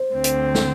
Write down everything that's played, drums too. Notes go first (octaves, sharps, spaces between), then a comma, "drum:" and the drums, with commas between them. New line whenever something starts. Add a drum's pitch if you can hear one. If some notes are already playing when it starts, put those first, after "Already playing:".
Already playing: C5
D2 D3 C4
drum: hi-hat
A4, drum: snare